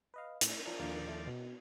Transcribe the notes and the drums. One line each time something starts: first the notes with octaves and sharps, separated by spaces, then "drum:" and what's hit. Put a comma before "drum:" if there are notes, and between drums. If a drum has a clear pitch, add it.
B4 D#5 F5
A2, drum: hi-hat
F3 D4 A#4
D#2 A#2 D3 F3 A#3 D5
A3
B2